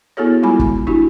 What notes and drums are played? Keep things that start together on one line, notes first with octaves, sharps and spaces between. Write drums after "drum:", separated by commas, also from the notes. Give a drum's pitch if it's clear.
B3 E4 F#4 G#4 A4 C#5
G3 G#3 E4 F4 G#5 B5
drum: kick
D4 E4 F#4 G4